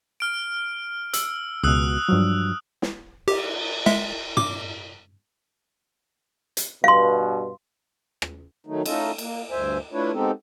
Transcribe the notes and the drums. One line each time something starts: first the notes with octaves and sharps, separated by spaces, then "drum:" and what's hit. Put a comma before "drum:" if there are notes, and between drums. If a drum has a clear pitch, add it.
F6 D7
E6, drum: hi-hat
C#2 B2 D#6 E6 F#6
G2 F3 F#3
drum: snare
G4, drum: cymbal
G#3 E5, drum: snare
D6, drum: tom
drum: hi-hat
G2 B2 F5 C6
drum: rim click
D#3 F#3 A3 D#4
A3 C#4 D#4 F4 A4 D#5, drum: cymbal
A#3, drum: cymbal
D2 G2 C5 E5 G#5
A3 D4 E4 F4 B4 C#5
G#3 B3 C4 D#4 G4 A4